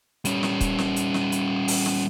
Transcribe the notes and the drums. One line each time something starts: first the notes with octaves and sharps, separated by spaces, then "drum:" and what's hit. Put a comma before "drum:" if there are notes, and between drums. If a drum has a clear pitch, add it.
G3 C#4, drum: hi-hat
drum: snare
drum: kick, hi-hat
drum: snare
drum: hi-hat
drum: snare
drum: hi-hat
drum: open hi-hat
drum: snare